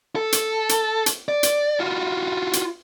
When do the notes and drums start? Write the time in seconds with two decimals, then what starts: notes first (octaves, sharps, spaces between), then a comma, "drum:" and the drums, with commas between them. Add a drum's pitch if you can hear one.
0.16 A4
0.32 drum: hi-hat
0.69 drum: hi-hat
1.06 drum: hi-hat
1.29 D5
1.43 drum: hi-hat
1.80 F4 F#4
2.53 drum: hi-hat